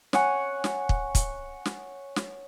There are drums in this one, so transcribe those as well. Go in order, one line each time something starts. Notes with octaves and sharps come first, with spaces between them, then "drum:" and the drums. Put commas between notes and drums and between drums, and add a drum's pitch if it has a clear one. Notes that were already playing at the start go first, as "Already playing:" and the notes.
C#5 F#5 G#5, drum: snare
drum: snare
drum: kick
drum: kick, hi-hat
drum: snare
drum: snare